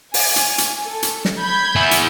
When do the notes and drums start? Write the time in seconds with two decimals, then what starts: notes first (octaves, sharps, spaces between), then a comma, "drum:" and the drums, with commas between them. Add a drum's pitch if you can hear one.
0.14 G#5, drum: open hi-hat
0.36 drum: hi-hat
0.58 drum: hi-hat
0.85 A4
1.03 drum: hi-hat
1.25 drum: snare
1.40 B5 G6 G#6
1.76 E4 G#4
1.91 drum: hi-hat